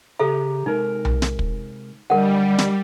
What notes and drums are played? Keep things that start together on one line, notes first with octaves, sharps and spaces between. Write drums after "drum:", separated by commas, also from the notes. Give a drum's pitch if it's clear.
C#3 G4 A4 E5 A#5
C3 G#3 D#4 A#4
drum: tom B1
drum: snare
drum: kick
D2 G3 D4 A#4 D#5 F#5
drum: snare